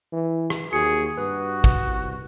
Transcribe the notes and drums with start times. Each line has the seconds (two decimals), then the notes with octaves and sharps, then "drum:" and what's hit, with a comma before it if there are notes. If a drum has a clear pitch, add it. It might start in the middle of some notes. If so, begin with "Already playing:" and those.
0.13 E3
0.50 drum: rim click
0.73 D#2 F#4 G#4 C#7
1.18 G2 F#4 B4 D#6
1.64 drum: kick
1.87 C2